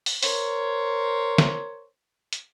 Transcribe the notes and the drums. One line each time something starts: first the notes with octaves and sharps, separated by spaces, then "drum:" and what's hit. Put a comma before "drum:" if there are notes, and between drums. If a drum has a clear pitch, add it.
drum: open hi-hat
A#4 C5 C#5, drum: open hi-hat
drum: snare
drum: hi-hat